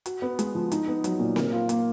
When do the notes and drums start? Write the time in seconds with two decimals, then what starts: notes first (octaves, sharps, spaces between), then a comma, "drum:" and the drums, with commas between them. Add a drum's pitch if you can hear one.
0.06 F#4, drum: hi-hat
0.22 B3
0.39 G#3, drum: hi-hat
0.55 F3
0.72 D#4, drum: hi-hat
0.88 B3
1.04 F#3, drum: hi-hat
1.20 A#2
1.36 A#4, drum: snare C4
1.53 F4
1.69 A#3, drum: hi-hat